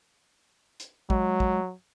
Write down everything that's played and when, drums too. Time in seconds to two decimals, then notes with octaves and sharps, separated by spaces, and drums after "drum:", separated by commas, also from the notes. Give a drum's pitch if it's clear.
0.80 drum: hi-hat
1.10 F#3 G#3, drum: kick
1.40 drum: kick